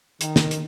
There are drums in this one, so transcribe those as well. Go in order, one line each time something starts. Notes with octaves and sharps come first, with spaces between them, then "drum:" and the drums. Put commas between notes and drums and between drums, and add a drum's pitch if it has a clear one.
D#3, drum: hi-hat
drum: snare
drum: hi-hat